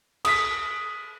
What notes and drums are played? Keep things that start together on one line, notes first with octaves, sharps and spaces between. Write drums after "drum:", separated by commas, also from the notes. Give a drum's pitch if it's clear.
D#6 B6, drum: cymbal